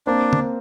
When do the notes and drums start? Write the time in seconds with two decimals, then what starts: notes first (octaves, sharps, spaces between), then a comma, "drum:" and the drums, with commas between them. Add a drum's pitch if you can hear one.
0.07 A#3 C4 D4
0.33 drum: tom D3